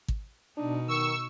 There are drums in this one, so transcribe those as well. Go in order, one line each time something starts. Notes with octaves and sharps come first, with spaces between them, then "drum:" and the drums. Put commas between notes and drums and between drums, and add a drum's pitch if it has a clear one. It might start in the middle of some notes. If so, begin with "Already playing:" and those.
drum: kick
B2 D4 D#4
D#3 C#6 E6